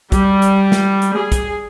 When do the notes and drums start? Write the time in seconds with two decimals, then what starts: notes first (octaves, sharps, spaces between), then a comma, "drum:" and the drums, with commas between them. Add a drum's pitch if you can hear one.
0.12 G3, drum: kick, hi-hat
0.42 drum: hi-hat
0.72 drum: snare
1.02 drum: hi-hat
1.16 G#4
1.32 drum: kick, hi-hat